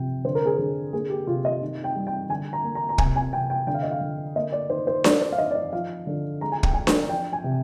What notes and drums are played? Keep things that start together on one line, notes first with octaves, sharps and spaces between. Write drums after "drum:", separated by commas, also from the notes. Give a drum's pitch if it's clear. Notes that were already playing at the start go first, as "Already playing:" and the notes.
Already playing: C3 F3 G5
D3 C5
A#4
G#4
D3 A#4
A#3 G#4
G4
C3 F4
D#5
D#3
G5
G3
G5
D3 G#5
A#5
A#3
A#5
A#5
C3 G#5, drum: kick
G#5
C3 G5
G5
D3 G5
F5
D#5
F5
D3
A#3 D#5
D5
D#3 C5
C5
D#3 D5, drum: snare D4
C5
F5
D#3 D#5
D5
D#5
F3 F5
D3
G#3 A#5
G#5
G5, drum: kick
G#3 G#5
drum: snare D4
F3 G5
G#5
C3